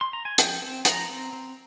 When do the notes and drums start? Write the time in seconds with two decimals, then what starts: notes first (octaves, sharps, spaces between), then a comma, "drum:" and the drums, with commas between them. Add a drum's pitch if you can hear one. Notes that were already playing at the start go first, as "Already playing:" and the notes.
0.01 C6
0.13 A#5
0.25 G#5
0.38 F3 G5, drum: hi-hat
0.62 C4
0.85 F3 A#5, drum: hi-hat
1.09 C4
1.33 C4